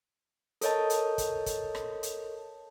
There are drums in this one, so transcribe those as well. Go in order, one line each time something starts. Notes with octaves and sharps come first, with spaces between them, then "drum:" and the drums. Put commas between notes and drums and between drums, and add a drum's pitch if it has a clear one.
A4 A#4 C#5 D#5 A5, drum: hi-hat
drum: hi-hat
drum: kick, hi-hat
drum: kick, hi-hat
drum: rim click
drum: hi-hat